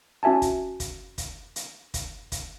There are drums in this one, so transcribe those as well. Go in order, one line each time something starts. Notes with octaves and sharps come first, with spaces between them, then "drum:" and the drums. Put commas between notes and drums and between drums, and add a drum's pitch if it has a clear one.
C#4 F#4 E5 G#5 A5
drum: kick, hi-hat
drum: kick, hi-hat
drum: kick, hi-hat
drum: hi-hat
drum: kick, hi-hat
drum: kick, hi-hat